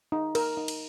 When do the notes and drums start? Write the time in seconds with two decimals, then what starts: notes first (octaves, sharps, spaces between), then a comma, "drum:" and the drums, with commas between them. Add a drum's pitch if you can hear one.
0.12 D#4
0.35 A#4, drum: cymbal
0.57 D#4
0.68 drum: cymbal